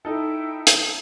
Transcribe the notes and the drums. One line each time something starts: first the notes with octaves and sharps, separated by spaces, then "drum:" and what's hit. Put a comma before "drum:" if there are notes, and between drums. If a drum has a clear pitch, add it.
D#4 E4 A4 E5 G5
drum: hi-hat